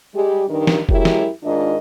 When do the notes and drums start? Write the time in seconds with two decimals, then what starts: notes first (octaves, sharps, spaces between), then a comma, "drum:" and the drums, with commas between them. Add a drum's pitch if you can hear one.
0.15 G3 G#3 G4
0.48 G2 D#3
0.67 drum: snare
0.89 F#2 F#3 G#3 E4 G4 A#4, drum: kick F1
1.05 drum: snare
1.44 G#2 D#3 D4 F4 A#4 D#5